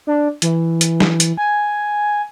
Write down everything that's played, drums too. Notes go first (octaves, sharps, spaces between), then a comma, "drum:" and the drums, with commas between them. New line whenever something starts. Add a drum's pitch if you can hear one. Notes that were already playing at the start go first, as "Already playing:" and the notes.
D4
E3, drum: hi-hat
drum: hi-hat
drum: snare
drum: hi-hat
G#5